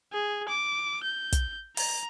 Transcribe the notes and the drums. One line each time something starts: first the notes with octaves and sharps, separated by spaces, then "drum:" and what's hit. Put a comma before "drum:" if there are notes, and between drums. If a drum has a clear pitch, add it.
G#4
D6
G6
drum: kick, hi-hat
A#5, drum: open hi-hat